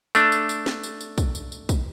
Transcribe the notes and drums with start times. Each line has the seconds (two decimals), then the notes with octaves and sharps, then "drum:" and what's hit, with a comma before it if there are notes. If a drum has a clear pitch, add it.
0.15 A3 D4, drum: tambourine
0.32 drum: tambourine
0.49 drum: tambourine
0.66 drum: snare
0.83 drum: tambourine
1.01 drum: tambourine
1.18 drum: kick, tambourine
1.35 drum: tambourine
1.52 drum: tambourine
1.69 drum: kick, tambourine